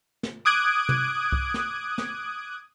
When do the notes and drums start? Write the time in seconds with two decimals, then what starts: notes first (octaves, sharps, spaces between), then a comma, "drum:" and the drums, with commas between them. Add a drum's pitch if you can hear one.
0.23 drum: snare
0.45 D6 D#6 F#6 G#6 D7
0.89 drum: tom
1.32 drum: kick C2
1.54 drum: snare
1.98 drum: snare